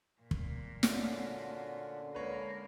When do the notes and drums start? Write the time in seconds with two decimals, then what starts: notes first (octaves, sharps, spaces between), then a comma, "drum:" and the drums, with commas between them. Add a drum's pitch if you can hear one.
0.21 A#2
0.31 drum: kick
0.83 D3 C#4 F4 F#4, drum: snare
2.15 G#3 A#3 C#4 B4 C#5